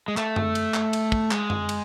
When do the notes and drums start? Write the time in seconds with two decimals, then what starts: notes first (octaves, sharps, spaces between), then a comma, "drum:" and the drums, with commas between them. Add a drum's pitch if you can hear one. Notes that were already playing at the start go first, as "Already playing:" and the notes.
0.08 G#3
0.17 A3, drum: clap
0.36 drum: tom F#2
0.55 drum: cymbal
0.74 drum: clap
0.93 drum: cymbal
1.12 drum: kick
1.31 G#3, drum: clap
1.50 drum: tom F#2
1.69 drum: cymbal